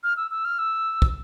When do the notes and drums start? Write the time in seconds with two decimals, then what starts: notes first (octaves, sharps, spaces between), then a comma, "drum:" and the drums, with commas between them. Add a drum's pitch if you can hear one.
0.04 F6
0.17 E6
0.31 E6
0.45 F6
0.59 E6
1.02 drum: kick